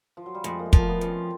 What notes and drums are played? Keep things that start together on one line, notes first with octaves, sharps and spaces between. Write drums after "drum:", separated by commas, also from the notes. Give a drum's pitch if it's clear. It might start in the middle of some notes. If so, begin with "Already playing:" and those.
F3
F#3
G3
F2 G#3
A#3
A3
F3, drum: kick
A#3
B3
F2 C#4
C4